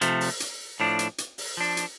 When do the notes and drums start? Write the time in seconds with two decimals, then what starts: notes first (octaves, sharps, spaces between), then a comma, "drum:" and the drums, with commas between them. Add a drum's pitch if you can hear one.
0.01 C3 F3 A3, drum: hi-hat
0.21 drum: open hi-hat
0.40 drum: hi-hat
0.80 A2 F3 D4
0.99 drum: hi-hat
1.18 drum: hi-hat
1.38 drum: open hi-hat
1.57 F3 D4
1.77 drum: hi-hat